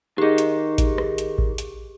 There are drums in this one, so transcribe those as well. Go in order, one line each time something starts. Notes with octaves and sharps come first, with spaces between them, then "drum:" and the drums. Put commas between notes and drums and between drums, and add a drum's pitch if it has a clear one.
D#3 D#4 G4 G#4
drum: hi-hat
drum: kick A1, hi-hat
drum: rim click
drum: hi-hat
drum: kick A1
drum: hi-hat